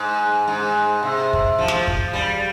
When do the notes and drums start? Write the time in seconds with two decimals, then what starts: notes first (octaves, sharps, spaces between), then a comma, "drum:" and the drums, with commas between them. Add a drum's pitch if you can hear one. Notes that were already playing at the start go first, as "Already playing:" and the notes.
Already playing: G#2
0.48 G#2
1.03 C3
1.33 drum: kick
1.58 F3
1.68 drum: snare
1.87 drum: kick
2.13 G3